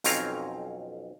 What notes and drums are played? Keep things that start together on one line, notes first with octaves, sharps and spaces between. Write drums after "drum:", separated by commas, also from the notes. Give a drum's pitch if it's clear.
B1 F2 C4 C#4 F5 A#5, drum: open hi-hat